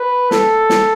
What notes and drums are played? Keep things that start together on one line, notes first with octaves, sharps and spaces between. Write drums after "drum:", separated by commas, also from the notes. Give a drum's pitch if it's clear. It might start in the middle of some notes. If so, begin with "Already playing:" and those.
Already playing: B4
A4, drum: snare
drum: snare